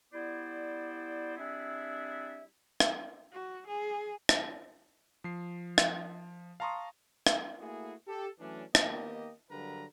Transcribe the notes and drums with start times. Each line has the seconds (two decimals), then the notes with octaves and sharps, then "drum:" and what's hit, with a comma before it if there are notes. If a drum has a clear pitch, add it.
0.12 G3 B3 E4 C5 D5
1.37 G3 C4 D4 E4 G#4 E5
2.80 drum: rim click
3.32 F#4
3.67 G#4
4.29 drum: rim click
5.24 F3 C7
5.78 drum: rim click
6.60 F5 A5 A#5 C6 C#6 D#6
7.27 drum: rim click
7.60 A3 A#3 E4 F#4 G#4
8.07 G4 A4
8.40 E3 F#3 A3 C#4 D4
8.75 D#3 A#3 B3 G4 D#5, drum: rim click
9.50 G2 D3 F#3 A#4 B4 A#5